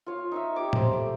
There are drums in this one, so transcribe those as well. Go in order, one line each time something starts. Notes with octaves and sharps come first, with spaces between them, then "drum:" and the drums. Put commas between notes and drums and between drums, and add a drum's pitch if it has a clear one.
F4 C#5 F5
D#4 C#5 E5
G4 C#5 D6
C5 A#5, drum: tom
A3 D6